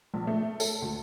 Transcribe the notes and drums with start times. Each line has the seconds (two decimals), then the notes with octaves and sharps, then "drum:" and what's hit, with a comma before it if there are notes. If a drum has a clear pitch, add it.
0.14 A#1
0.27 A3
0.60 A4, drum: tambourine
0.82 D2